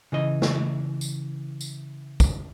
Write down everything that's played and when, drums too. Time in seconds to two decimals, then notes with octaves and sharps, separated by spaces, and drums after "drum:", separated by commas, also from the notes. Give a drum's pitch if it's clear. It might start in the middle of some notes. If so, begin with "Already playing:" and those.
0.12 C#3 E3 D#5
0.42 drum: snare
1.01 drum: tambourine
1.61 drum: tambourine
2.20 drum: kick, tambourine